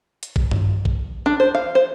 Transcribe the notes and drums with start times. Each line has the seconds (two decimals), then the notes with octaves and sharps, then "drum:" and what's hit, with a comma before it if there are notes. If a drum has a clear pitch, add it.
0.23 drum: hi-hat
0.36 drum: kick A1
0.51 drum: tom G2
0.85 drum: kick A1
1.26 D4
1.40 C5
1.55 F5
1.75 C5